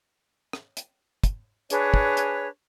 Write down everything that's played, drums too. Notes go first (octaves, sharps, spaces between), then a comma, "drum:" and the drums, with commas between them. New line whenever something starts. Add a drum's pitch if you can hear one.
drum: rim click
drum: hi-hat
drum: kick, hi-hat
D4 G#4 B4 C#5, drum: hi-hat
drum: kick
drum: hi-hat